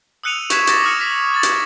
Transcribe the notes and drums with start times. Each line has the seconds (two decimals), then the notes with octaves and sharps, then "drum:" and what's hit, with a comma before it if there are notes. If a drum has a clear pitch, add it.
0.24 D#6 E6 F#6 C#7 D#7 F7
0.50 C#6 F#6 G#6 B6 E7, drum: hi-hat
0.67 D6 A6 A#6, drum: hi-hat
0.84 D#6 F6 C#7
1.00 A#6 B6
1.32 F6 G#6 A6
1.43 drum: hi-hat